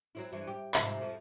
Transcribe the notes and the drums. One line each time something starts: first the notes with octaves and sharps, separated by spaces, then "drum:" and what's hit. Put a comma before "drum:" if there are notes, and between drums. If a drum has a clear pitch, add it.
F#3 C4 E4
G2 E3
G4
G#2 C3 F3, drum: clap
F2 F3